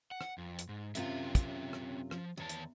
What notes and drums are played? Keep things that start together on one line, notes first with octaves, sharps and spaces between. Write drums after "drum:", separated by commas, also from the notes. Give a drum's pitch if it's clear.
F#5
drum: rim click
F2
drum: hi-hat
G#2
F#2 C3 C4 C#4 F4 E5, drum: hi-hat
drum: kick, hi-hat
drum: rim click
F3, drum: rim click
E2 D#3 C#5 A5
drum: hi-hat